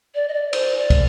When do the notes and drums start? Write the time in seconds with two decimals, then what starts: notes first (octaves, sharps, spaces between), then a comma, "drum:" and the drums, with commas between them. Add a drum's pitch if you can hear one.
0.15 D5
0.28 D#5
0.33 D5
0.53 C5, drum: cymbal
0.78 D5
0.90 drum: kick, cymbal